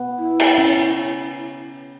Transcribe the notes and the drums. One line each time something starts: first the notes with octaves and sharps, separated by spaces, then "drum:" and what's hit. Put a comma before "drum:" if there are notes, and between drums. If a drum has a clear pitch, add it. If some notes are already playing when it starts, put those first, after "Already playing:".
Already playing: B3
E4
drum: cymbal
C#4